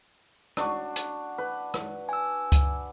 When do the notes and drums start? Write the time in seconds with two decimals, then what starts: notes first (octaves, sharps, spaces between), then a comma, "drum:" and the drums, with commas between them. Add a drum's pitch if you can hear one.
0.57 D4 F#4, drum: rim click
0.96 drum: hi-hat
1.38 B4
1.74 drum: rim click
2.09 G#5 E6
2.52 drum: kick C#2, hi-hat